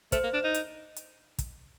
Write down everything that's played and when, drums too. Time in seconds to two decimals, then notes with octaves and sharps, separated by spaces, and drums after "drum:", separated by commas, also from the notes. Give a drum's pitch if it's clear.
0.12 A3 C5, drum: kick, hi-hat
0.23 A#3
0.34 D4
0.44 D#4
0.54 drum: hi-hat
0.96 drum: hi-hat
1.38 drum: kick, hi-hat